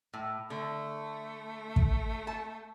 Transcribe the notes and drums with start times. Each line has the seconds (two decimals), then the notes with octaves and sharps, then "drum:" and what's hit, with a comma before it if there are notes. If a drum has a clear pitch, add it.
0.13 A2
0.50 D3 A3
1.76 drum: kick
2.27 A5